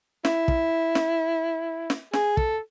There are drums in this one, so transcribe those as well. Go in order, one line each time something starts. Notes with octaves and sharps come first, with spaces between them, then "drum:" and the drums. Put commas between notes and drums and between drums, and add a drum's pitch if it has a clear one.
E4, drum: snare
drum: kick
drum: snare
drum: snare
G#4, drum: snare
A4, drum: kick